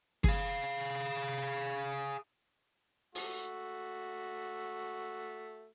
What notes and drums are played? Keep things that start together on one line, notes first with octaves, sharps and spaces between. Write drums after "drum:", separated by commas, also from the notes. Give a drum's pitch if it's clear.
G#4 F5, drum: kick
A3 F#4, drum: open hi-hat